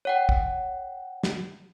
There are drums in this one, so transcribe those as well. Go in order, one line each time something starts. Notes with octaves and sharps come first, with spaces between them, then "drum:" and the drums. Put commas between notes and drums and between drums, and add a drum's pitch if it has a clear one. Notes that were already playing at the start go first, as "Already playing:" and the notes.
C#5 F#5 G5
drum: kick
drum: snare